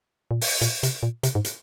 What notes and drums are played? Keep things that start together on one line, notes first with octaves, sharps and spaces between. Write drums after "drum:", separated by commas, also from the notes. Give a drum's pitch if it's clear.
A#2
drum: open hi-hat
A#2, drum: hi-hat
C3, drum: hi-hat
A#2
C3, drum: hi-hat
G#2
drum: hi-hat